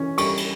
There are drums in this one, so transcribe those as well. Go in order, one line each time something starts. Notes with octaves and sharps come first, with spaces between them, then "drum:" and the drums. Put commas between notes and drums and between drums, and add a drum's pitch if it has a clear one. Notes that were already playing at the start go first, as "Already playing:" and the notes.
Already playing: E3 C#4
G3 C#6, drum: cymbal
drum: cymbal